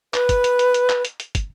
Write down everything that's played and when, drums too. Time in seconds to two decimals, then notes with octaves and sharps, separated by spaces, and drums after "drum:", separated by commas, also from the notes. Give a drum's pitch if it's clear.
0.14 B4, drum: clap
0.29 drum: kick, hi-hat
0.44 drum: hi-hat
0.59 drum: hi-hat
0.74 drum: hi-hat
0.89 drum: clap
1.05 drum: hi-hat
1.20 drum: hi-hat
1.35 drum: kick, hi-hat